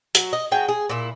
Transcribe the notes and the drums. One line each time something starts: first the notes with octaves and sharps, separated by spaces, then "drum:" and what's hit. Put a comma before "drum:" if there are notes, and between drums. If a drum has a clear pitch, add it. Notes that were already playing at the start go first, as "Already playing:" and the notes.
F#3, drum: hi-hat
D#5
F#3 G#4 G5
G#4
A#2 E4